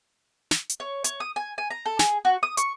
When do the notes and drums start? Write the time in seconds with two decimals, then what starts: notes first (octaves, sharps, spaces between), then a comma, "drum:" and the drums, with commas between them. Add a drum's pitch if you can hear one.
0.51 drum: snare
0.69 drum: hi-hat
0.80 C#5
1.04 C#5, drum: hi-hat
1.20 D#6
1.36 G#5
1.58 G#5
1.70 A#5
1.86 A4
1.99 G#4, drum: snare
2.25 F#4
2.43 D#6
2.57 C#6, drum: hi-hat